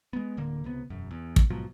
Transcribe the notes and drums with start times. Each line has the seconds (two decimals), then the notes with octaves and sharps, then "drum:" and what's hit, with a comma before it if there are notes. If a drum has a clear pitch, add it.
0.13 G#3 B3
0.37 D1 D3 A#3
0.64 C#2 C3 B3
0.90 E1 F#2
1.11 E2
1.36 drum: kick
1.50 G#2 B2 F3 F#3